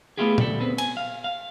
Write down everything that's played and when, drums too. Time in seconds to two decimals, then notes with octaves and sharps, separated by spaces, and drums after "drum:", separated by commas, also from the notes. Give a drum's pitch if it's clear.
0.18 A3 B3 E4 F4 G4 G#4
0.38 D2 G3 A4, drum: tom A#2
0.60 B3 C4 B4
0.78 G#5, drum: cymbal
0.97 F5
1.24 F5